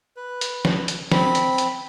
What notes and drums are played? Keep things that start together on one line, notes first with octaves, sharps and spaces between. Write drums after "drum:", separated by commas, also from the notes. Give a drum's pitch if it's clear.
B4
drum: hi-hat
drum: snare
drum: hi-hat
C4 B5, drum: snare
drum: hi-hat
drum: hi-hat